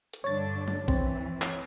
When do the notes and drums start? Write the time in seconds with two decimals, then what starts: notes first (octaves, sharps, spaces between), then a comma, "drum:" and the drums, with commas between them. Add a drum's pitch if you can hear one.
0.13 drum: hi-hat
0.24 G2 D3 D4 C#5 A6
0.68 drum: tom
0.88 E3 C4, drum: kick A#1
1.42 drum: clap